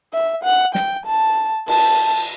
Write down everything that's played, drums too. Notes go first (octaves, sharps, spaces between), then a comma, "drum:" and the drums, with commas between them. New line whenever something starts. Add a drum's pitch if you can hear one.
E5
F#5
G5, drum: snare
A5
A5, drum: cymbal